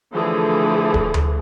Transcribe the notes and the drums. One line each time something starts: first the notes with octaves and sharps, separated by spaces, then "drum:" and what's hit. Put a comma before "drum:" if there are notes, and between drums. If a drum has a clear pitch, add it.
D3 E3 F3 A3 G#4
drum: kick D1
drum: tom D2